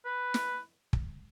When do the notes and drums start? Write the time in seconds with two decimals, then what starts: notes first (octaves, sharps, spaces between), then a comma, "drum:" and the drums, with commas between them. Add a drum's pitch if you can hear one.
0.05 B4
0.34 drum: snare
0.93 drum: kick